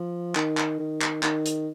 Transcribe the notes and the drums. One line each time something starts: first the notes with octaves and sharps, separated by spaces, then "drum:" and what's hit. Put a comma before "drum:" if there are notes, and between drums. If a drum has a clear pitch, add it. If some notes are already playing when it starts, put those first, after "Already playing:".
Already playing: F3
D#3, drum: clap
drum: clap
D#3
drum: clap
D#3, drum: clap
drum: hi-hat